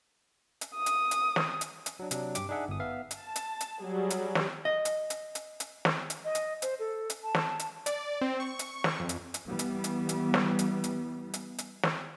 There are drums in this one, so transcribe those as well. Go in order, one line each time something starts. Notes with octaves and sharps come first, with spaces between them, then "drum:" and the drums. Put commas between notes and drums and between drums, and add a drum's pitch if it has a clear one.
drum: hi-hat
D#6
drum: hi-hat
drum: hi-hat
drum: snare
drum: hi-hat
drum: hi-hat
F#3 D4
C3 F#3 D4, drum: hi-hat
G2 G4 D6, drum: hi-hat
D4 D#4 G#4 E5 F#5
G1 D#6
B3 E5 F5
drum: hi-hat
A5
drum: hi-hat
drum: hi-hat
F#3 G3 G#4
drum: hi-hat
drum: snare
D#5
drum: hi-hat
drum: hi-hat
drum: hi-hat
drum: hi-hat
drum: snare
drum: hi-hat
D#5
drum: hi-hat
C5, drum: hi-hat
A4
drum: hi-hat
A5
drum: snare
drum: hi-hat
D5, drum: hi-hat
C4
C#6
drum: hi-hat
drum: snare
F2
drum: hi-hat
drum: hi-hat
E3 G3 B3
drum: hi-hat
drum: hi-hat
drum: hi-hat
drum: snare
drum: hi-hat
drum: hi-hat
drum: hi-hat
drum: hi-hat
drum: snare